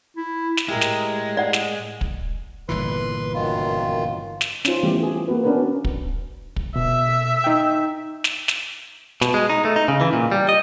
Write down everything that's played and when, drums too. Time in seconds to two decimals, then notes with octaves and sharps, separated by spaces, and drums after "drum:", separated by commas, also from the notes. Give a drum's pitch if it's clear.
0.17 E4
0.57 drum: snare
0.68 A2 G#3 E4 G4 A#4
0.81 drum: snare
1.37 D5 F#5
1.53 drum: snare
2.01 drum: kick
2.69 G1 A#2 E3 B4 C6
3.34 F#2 D#3 F4
4.41 drum: snare
4.65 C#4 D#4 F4 C5, drum: snare
4.83 E3 G3 A3 B3 G4
5.03 G#4
5.28 A#3 C4 F#4 B4
5.44 B3 C#4 D4 F#4 A#4 B4
5.85 drum: kick
6.56 drum: kick
6.76 B2 E5
7.44 D#4 G5
8.24 drum: snare
8.48 drum: snare
9.21 B2, drum: snare
9.34 G#3
9.50 D#4
9.65 A3
9.76 D#4
9.88 C#3
10.01 E3
10.13 A#2
10.32 G3
10.49 D#5